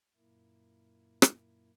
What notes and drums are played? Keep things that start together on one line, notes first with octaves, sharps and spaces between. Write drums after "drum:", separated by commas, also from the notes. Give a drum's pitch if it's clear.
F#2 A#2 A#3 E4
drum: rim click